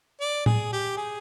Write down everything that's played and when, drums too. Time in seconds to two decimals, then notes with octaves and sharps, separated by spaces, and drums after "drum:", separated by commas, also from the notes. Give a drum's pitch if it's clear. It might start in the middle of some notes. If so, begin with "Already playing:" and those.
0.21 D5
0.46 G#4, drum: tom A2
0.73 G4
0.97 G#4